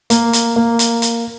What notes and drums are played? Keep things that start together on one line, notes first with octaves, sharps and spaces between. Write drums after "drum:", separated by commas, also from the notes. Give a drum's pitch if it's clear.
A#3, drum: hi-hat
drum: hi-hat
A#3
drum: hi-hat
drum: hi-hat